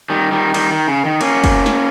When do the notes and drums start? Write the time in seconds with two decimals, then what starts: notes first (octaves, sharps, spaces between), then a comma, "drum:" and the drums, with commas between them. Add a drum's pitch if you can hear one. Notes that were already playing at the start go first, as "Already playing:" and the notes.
0.10 D#3 G3
0.31 D#3 G3
0.54 D#3 G3, drum: cymbal
0.71 D#3
0.87 C#3
1.05 D#3
1.21 A#3 C#4, drum: cymbal
1.44 drum: kick, cymbal
1.66 drum: snare